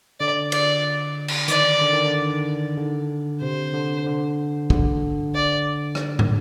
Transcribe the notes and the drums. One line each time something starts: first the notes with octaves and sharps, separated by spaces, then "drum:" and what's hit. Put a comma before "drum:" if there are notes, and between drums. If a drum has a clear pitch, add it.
D3 D5
D5, drum: cymbal
drum: cymbal
D#3 D5, drum: hi-hat
D3
D#3
D3
D3
C3 C5
D3
D3
D3, drum: kick
D5
drum: rim click
drum: tom